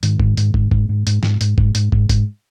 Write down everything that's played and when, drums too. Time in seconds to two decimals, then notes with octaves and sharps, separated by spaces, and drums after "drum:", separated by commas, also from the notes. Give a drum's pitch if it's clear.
0.03 G#2 D#3, drum: hi-hat
0.20 G#2, drum: kick
0.37 G#2, drum: hi-hat
0.54 G#2, drum: kick
0.71 G#2, drum: kick
0.89 G#2
1.07 G#2, drum: hi-hat
1.23 G#2, drum: snare
1.41 G#2, drum: hi-hat
1.58 G#2, drum: kick
1.75 G#2, drum: hi-hat
1.92 G#2, drum: kick
2.09 G#2, drum: kick, hi-hat